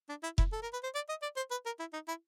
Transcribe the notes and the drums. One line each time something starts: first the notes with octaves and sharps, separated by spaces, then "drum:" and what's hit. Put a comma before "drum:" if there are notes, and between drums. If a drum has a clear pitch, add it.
D4
E4
E4, drum: kick F1
A4
A#4
B4
C5
D5
D#5
D5
C5
B4
A#4
E4
D#4
E4